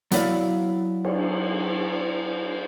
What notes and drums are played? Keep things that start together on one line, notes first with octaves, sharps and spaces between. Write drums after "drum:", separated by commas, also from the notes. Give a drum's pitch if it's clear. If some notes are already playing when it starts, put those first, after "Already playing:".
F#3 B3 E4 D5 F5 F#5, drum: hi-hat
drum: cymbal